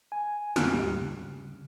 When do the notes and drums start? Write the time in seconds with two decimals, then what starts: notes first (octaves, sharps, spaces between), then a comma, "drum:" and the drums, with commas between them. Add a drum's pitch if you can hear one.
0.12 G#5
0.56 F2 D3 D#3 F4 F6 F#6, drum: snare
0.72 D#2 G#2 G3 G4
1.01 C#3